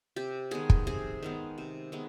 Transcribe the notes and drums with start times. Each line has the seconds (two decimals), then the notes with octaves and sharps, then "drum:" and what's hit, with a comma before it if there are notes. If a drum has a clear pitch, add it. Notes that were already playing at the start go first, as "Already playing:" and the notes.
0.16 C3 G4
0.51 D#3 G#3 B3 G#4
0.70 drum: kick
0.87 C3 G#4
1.23 D#3 G#3 B3
1.58 C3
1.92 D#3 G#3 B3